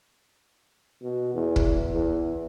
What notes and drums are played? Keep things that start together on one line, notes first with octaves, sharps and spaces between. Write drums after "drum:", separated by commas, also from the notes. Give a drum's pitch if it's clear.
B2
E2
drum: kick
E2